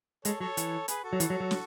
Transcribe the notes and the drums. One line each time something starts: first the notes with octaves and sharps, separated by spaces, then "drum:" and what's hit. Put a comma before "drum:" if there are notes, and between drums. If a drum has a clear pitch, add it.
G#3 A4 C#5, drum: hi-hat
F#3 A4 C#5
E3, drum: hi-hat
G#4 B4, drum: hi-hat
F#4 A4
F#3
E3, drum: hi-hat
F#3
F#3
drum: snare